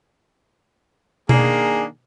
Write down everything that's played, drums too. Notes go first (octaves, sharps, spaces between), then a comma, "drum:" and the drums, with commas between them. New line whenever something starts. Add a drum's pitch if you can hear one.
D#3 A#3 D4 G#4, drum: tom B2